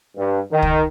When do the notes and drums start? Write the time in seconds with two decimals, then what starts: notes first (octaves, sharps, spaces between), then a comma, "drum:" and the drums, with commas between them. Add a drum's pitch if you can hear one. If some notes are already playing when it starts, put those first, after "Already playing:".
0.17 G2
0.51 D#3
0.62 drum: kick